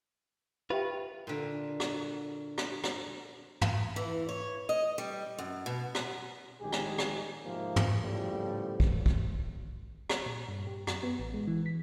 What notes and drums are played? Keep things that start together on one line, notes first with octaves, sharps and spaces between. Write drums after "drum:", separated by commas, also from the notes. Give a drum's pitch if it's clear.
F4 G4 B4 E5 G5
A#2 D3
drum: rim click
drum: rim click
drum: rim click
drum: tom
E3
C#5
D#5
G3
F#2
B2
drum: rim click
A#1 A2 D#3 G#3 G4 G#4
drum: rim click
drum: rim click
G#2 C3 F3 A#3 F4
drum: tom
A2 C#3 F3 G3 A3 B3
drum: kick
drum: kick
drum: rim click
A#2
G2
G4
F#2, drum: rim click
B3
A1
G#3
E3
B6